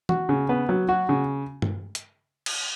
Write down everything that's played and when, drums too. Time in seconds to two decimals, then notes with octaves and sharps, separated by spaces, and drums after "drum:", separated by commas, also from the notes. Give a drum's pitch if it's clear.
0.09 F#4, drum: tom E3
0.29 C#3
0.49 B3
0.69 F#3
0.89 F#4
1.09 C#3
1.62 drum: tom G2
1.95 drum: hi-hat
2.46 drum: cymbal